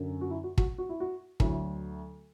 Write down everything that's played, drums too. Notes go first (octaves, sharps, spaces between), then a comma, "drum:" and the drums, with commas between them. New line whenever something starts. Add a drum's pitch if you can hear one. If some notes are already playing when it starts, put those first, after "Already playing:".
Already playing: F#2 D3 F#3
F#4
E4
F#4
F#4, drum: kick
F#4
E4
F#4
D2 D3 F#3 E4, drum: kick